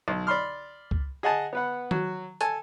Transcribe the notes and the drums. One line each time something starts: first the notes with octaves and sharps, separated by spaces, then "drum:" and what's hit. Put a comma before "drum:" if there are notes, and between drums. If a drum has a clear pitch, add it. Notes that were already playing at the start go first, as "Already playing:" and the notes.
B1
D5 B5 C6 F6
drum: kick C#2
G#4 D#5 F#5 G#5 A5
B3 B4 F#5
F#3, drum: tom D#3
A4 G#5 A5, drum: hi-hat